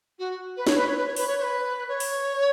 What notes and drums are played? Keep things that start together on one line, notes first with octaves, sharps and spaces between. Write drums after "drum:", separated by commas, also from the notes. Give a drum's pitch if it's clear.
F#4
B4
C#5, drum: snare
B4
C#5
B4
C#5
B4, drum: open hi-hat
C#5
C#5
B4
C#5
drum: open hi-hat